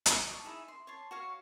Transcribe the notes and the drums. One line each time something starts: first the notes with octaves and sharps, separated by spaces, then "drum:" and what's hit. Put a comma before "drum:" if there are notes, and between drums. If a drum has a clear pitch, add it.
drum: hi-hat
A5 A#5 C#6 D#6
D#4 E4 G#4 E5
C6
C#5 A5 C6
F#4 C#5 F5